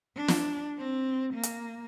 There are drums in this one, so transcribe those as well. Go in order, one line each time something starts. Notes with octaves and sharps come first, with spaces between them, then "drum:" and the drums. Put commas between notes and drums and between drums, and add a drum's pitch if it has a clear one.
D4
drum: snare
C4
A#3
drum: hi-hat